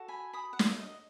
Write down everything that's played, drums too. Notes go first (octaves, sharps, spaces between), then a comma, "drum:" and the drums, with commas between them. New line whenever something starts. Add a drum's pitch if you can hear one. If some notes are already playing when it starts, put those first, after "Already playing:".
Already playing: F#4 A4
G#5 B5
B5 D#6
F#5
E5, drum: snare
D#5